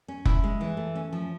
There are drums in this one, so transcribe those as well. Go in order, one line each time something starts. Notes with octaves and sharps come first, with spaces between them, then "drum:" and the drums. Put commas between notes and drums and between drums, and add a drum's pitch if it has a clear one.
C#4
E4, drum: kick F1
G#3
E3
A3
C#4
F3